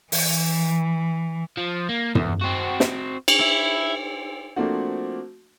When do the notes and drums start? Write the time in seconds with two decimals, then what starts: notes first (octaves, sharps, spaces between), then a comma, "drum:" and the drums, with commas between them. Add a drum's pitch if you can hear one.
0.12 E3, drum: open hi-hat
1.58 F3
1.89 A#3
2.15 E2, drum: tom
2.41 C4 F#4
2.80 drum: snare
3.28 drum: cymbal
3.40 E4
4.56 F3 A3 A#3 C4 D4 F#4